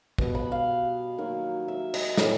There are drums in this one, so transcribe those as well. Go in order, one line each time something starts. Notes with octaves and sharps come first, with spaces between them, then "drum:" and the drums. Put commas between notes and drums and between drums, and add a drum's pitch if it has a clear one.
B2 G3 B3, drum: kick
B5
F5
D#3 F#3 A#3
E5
D#5, drum: cymbal
A2 E3 G3 B3 D5, drum: snare